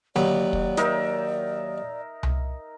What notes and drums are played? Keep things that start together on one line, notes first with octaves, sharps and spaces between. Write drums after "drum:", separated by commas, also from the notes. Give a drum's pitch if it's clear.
D#2 F#3 B4 D5, drum: tom D3
drum: kick
D#4 A#4 E5, drum: snare
drum: tom C2